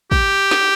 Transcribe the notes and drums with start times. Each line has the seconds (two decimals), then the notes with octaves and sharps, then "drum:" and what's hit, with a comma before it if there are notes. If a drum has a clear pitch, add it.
0.12 G4, drum: kick
0.51 drum: snare